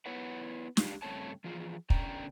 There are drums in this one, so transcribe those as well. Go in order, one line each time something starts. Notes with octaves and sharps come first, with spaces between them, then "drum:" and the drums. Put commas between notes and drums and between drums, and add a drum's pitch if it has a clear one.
B3 E4 B4 C#5 F#5
G#3 D4 G4 F5, drum: snare
G2 C#3 A3 C4 C#5 A5
E3 F3 F4 G#4
B2 D3 C#4 D5 G5 A#5, drum: kick